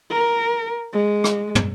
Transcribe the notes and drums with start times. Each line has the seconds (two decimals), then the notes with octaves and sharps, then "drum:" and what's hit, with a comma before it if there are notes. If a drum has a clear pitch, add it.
0.11 A#4
0.93 G#3
1.24 drum: rim click
1.55 drum: tom